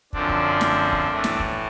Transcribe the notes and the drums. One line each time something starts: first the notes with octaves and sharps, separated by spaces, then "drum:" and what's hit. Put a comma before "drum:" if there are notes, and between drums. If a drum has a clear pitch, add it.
F#2 D3 F3 C4 D4, drum: kick
drum: kick
drum: snare
drum: kick
A2 E3
drum: snare
drum: kick